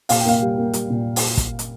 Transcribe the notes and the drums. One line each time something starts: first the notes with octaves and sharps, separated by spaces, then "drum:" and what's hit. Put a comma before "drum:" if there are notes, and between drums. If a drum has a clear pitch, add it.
A#2 F5, drum: open hi-hat
G5
A#3 F5
G3
A#3
G3, drum: hi-hat
A#2
drum: open hi-hat
drum: kick, hi-hat
drum: hi-hat